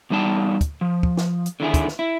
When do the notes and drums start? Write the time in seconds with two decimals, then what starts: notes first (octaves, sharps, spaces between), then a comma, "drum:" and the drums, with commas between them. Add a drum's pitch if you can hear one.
0.10 E2 G3 D#4 D5 A5
0.61 drum: kick, hi-hat
0.81 F3
1.03 drum: kick
1.17 drum: snare
1.46 drum: hi-hat
1.60 D3 D#3 E4 G#4
1.74 drum: kick, hi-hat
1.88 drum: snare
1.99 E4